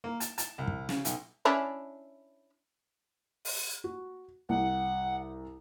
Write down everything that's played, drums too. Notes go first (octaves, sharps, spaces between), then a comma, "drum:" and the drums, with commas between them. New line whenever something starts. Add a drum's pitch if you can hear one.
A#3
A5, drum: hi-hat
A5, drum: hi-hat
C2
drum: kick
C#3, drum: snare
B1, drum: hi-hat
C#4 D4 E4
drum: open hi-hat
F#4
C2 F#5